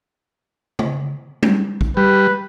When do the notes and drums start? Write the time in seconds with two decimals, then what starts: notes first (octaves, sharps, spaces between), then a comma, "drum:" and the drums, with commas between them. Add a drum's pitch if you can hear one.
0.79 drum: tom
1.43 drum: tom G3
1.81 drum: kick
1.97 G3 B4